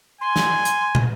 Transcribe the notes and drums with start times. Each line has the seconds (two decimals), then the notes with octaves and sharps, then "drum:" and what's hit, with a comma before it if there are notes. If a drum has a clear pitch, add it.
0.21 G#5 C6
0.36 drum: snare
0.65 drum: hi-hat
0.95 drum: tom